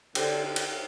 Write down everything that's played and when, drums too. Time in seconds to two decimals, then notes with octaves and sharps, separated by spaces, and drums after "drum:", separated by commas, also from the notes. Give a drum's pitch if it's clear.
0.15 D3 D#4 G4 C5 G5, drum: cymbal
0.56 drum: cymbal